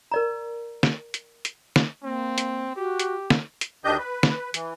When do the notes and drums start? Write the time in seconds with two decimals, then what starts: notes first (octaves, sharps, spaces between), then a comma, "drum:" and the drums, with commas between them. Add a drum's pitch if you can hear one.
0.12 A#4 D5 A#5
0.83 drum: snare
1.14 drum: hi-hat
1.45 drum: hi-hat
1.76 drum: snare
2.03 A#3 C4
2.38 drum: hi-hat
2.76 F#4 G4
3.00 drum: hi-hat
3.30 drum: snare
3.61 drum: hi-hat
3.85 D2 D#3 D4 G4 D#5 G6
3.98 B4
4.23 drum: snare
4.54 E3, drum: hi-hat